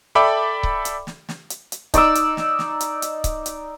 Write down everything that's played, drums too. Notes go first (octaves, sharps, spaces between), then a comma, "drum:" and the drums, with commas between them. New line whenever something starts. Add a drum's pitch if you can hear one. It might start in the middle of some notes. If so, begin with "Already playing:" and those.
A4 D5 E5 G5 B5 D6
drum: kick C#1
drum: hi-hat
drum: snare
drum: snare
drum: hi-hat
drum: hi-hat
D#4 D5 D6 E6, drum: kick C#1, hi-hat
drum: hi-hat
drum: snare
drum: snare
drum: hi-hat
drum: hi-hat
drum: kick C#1, hi-hat
drum: hi-hat